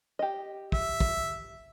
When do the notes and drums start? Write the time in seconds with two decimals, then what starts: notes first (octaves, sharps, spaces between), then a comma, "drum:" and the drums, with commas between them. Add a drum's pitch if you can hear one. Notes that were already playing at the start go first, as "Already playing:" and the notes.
0.19 G4 D#5
0.72 E5, drum: kick
1.00 drum: kick